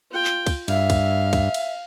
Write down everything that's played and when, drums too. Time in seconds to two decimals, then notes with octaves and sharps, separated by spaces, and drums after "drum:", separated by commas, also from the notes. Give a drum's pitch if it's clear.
0.11 F4 G5
0.25 drum: clap
0.47 drum: kick, cymbal
0.68 G2 E5 F5, drum: cymbal
0.90 drum: kick, cymbal
1.33 drum: kick, cymbal
1.54 drum: cymbal